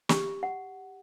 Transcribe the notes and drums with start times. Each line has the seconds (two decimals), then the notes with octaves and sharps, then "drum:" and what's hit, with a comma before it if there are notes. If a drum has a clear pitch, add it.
0.09 G4, drum: snare
0.43 F#5